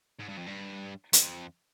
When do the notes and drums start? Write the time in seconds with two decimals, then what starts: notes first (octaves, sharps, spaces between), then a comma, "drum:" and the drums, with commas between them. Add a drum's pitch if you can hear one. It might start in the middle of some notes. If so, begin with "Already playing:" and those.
0.20 G#2
0.29 G2
0.37 F2
0.47 G2
1.13 F2, drum: hi-hat